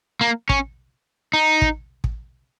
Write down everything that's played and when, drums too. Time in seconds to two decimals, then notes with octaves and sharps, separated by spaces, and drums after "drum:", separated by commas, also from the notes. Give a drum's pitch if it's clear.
0.21 A#3
0.49 C#4, drum: kick
1.33 D#4
1.62 drum: kick
2.04 drum: kick